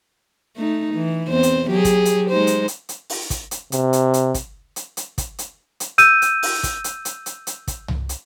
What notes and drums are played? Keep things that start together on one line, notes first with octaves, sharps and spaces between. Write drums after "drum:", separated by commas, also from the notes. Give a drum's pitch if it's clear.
A3 D#4
E3
E2 C4 C5
drum: hi-hat
F#3 G4 G#4
drum: kick, hi-hat
drum: hi-hat
G#3 D#4 C5
drum: hi-hat
drum: hi-hat
drum: hi-hat
drum: open hi-hat
drum: kick, hi-hat
drum: hi-hat
C3, drum: hi-hat
drum: hi-hat
drum: hi-hat
drum: kick, hi-hat
drum: hi-hat
drum: hi-hat
drum: kick, hi-hat
drum: hi-hat
drum: hi-hat
E6 G6 D#7, drum: hi-hat
drum: hi-hat
drum: open hi-hat
drum: kick, hi-hat
drum: hi-hat
drum: hi-hat
drum: hi-hat
drum: hi-hat
drum: kick, hi-hat
drum: tom C2
drum: hi-hat